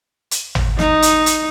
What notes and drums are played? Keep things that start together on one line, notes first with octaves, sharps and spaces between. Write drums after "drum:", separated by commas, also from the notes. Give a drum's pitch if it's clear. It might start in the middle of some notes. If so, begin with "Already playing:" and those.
drum: hi-hat
drum: tom
D#4, drum: snare
drum: hi-hat
drum: hi-hat